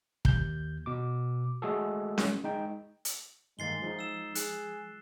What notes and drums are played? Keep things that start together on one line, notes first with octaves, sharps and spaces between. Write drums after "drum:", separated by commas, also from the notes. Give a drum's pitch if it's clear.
D#2 G6, drum: kick
B2 D6
G#3 A3 F#4 G#4 A4
drum: snare C#4
G#3 D#4 G5
drum: hi-hat
G2 D#3 G#3 A#3 A6 C7 G7
F3 G#3 D#4
E6 E7
G#4 F#6, drum: hi-hat